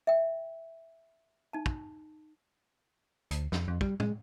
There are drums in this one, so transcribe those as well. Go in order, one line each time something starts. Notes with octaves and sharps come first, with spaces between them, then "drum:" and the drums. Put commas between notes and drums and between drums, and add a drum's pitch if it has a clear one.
E5 G5
D#4 A5
drum: kick
D2, drum: hi-hat
F2, drum: snare
F2
G3, drum: kick
G#3, drum: tom